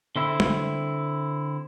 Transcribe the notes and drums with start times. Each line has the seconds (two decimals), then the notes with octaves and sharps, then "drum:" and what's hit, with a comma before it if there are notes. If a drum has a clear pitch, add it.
0.16 D3 C4 E4
0.40 drum: tom